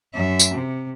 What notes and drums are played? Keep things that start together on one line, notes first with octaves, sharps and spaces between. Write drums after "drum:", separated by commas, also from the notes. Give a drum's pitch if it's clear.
F#2 E5
drum: tambourine
C3